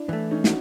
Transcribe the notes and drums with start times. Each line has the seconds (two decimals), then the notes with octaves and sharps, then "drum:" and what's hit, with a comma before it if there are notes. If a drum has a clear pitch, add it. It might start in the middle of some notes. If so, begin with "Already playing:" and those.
Already playing: D4 E4
0.09 E3 A3
0.31 C#4 D#4
0.44 F#4, drum: snare